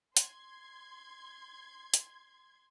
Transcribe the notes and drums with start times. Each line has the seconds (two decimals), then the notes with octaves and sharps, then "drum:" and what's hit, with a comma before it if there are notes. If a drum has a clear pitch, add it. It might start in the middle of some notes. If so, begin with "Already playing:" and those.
0.17 C6 G#6, drum: hi-hat
1.94 drum: hi-hat